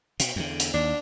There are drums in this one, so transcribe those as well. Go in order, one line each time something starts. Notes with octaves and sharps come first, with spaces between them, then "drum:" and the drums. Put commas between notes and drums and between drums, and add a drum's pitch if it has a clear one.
B2, drum: hi-hat
E2 D3
drum: hi-hat
D#2 D4